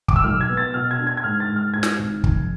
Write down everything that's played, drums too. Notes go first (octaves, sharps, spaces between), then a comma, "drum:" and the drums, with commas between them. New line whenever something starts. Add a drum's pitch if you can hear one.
D6, drum: kick
E6
B1 F6
G#6
B3
A6
B2 F6
G#6
D4
G#6
G#6
G#2 F6
A6
G#2
F6
G#2 G#6
drum: snare
G#1
F1, drum: kick